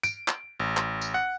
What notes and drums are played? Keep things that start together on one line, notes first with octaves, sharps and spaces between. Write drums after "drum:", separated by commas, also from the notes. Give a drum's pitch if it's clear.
D7, drum: tambourine
drum: clap
A1
drum: clap
drum: tambourine
F#5